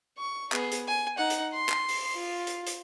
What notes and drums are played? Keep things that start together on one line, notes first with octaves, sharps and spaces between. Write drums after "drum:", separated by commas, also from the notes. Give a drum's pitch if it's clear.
C#6
B3 G#4, drum: clap
drum: hi-hat
G#5
D#4 F#5
drum: hi-hat
C6
drum: clap
drum: open hi-hat
F4
drum: hi-hat
drum: hi-hat